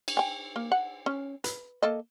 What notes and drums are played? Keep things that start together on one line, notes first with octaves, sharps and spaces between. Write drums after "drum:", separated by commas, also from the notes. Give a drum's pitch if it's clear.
drum: cymbal
G5 G#5
A#3
F#5
C#4
B4, drum: hi-hat
A#3 A4 D#5